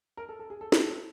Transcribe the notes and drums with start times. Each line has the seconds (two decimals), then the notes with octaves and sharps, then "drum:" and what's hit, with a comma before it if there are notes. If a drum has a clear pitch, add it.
0.17 A#4
0.29 A4
0.39 A4
0.50 G#4
0.61 A4
0.72 G4, drum: snare
0.84 A4